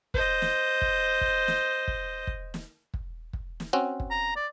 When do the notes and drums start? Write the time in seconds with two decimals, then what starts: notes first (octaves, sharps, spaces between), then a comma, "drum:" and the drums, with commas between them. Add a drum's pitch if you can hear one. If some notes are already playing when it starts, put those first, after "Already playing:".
0.14 C5 D#5, drum: kick
0.42 drum: snare
0.82 drum: kick
1.21 drum: kick
1.48 drum: snare
1.88 drum: kick
2.27 drum: kick
2.54 drum: snare
2.94 drum: kick
3.33 drum: kick
3.60 drum: snare
3.73 C4 C#4 F#4
4.00 drum: kick
4.11 A#5
4.36 D5